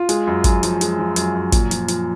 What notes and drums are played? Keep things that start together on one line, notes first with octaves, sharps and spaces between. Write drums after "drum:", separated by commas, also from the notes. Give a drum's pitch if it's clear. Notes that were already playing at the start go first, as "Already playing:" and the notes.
Already playing: F4
G#3, drum: hi-hat
F#2
F#2, drum: kick, hi-hat
F3, drum: hi-hat
G#3, drum: hi-hat
F3
F#2, drum: hi-hat
F#2
A#2, drum: kick, hi-hat
F3, drum: hi-hat
F3, drum: hi-hat